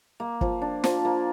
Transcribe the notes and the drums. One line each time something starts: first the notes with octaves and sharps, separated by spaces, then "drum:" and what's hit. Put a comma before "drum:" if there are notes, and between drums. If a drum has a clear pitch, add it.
A#3
F3, drum: kick
D4
F3, drum: snare
A#3